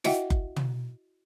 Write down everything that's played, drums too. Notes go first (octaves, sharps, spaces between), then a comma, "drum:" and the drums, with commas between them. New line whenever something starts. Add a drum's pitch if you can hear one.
E4 F#4 D#5 E5 F#5 G5, drum: snare
drum: kick F#1
drum: tom